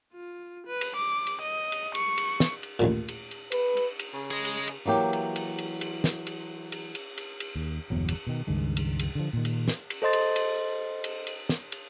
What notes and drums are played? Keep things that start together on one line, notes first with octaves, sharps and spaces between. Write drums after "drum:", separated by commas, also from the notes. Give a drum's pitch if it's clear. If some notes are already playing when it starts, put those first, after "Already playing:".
F4
B4
drum: cymbal
D6
drum: cymbal
D#5
drum: cymbal
C#6, drum: cymbal
drum: cymbal
drum: snare
drum: cymbal
A1 D#2 A#2
drum: cymbal
drum: cymbal
B4, drum: cymbal
drum: cymbal
drum: cymbal
C#3
G#4 D#5
drum: cymbal
drum: cymbal
E3 F#3 A#3 G4
drum: cymbal
drum: cymbal
drum: cymbal
drum: cymbal
drum: snare
drum: cymbal
drum: cymbal
drum: cymbal
drum: cymbal
drum: cymbal
D#2
G1 E2 B2 F#3
drum: cymbal
B2 D#3
C#2 G2 D#3 G#3
drum: cymbal
drum: cymbal
D3 F3
A#2 D#3
drum: cymbal
drum: snare
drum: cymbal
A4 C5 D#5 C6 A6
drum: cymbal
drum: cymbal
drum: cymbal
drum: cymbal
drum: snare
drum: cymbal